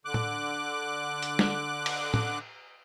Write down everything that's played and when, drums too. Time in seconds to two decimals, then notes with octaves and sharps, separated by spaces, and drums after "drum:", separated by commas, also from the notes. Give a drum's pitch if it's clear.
0.05 D3 D6 F#6
0.14 drum: tom
1.22 drum: hi-hat
1.39 drum: snare
1.86 drum: cymbal
2.14 drum: tom